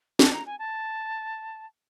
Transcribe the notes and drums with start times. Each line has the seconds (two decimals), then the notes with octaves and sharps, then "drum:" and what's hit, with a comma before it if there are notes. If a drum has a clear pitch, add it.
0.19 A5, drum: snare
0.33 A#5
0.46 G#5
0.59 A5